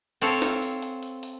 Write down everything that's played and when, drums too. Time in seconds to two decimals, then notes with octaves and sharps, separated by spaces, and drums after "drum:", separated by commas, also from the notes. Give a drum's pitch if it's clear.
0.22 C4 A4 C#5 F5, drum: hi-hat
0.42 drum: snare
0.62 drum: open hi-hat
0.82 drum: hi-hat
1.03 drum: hi-hat
1.23 drum: hi-hat